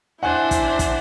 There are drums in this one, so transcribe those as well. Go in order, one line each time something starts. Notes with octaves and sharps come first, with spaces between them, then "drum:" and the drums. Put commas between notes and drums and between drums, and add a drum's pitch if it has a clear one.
D4 E4 C5 F#5 G#5 F#6
drum: kick, hi-hat
drum: kick, hi-hat